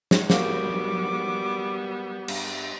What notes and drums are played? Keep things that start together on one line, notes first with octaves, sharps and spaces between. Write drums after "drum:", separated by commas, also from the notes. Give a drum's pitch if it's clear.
drum: snare
G3 A#3 B3 F#4 D6, drum: snare
G2, drum: cymbal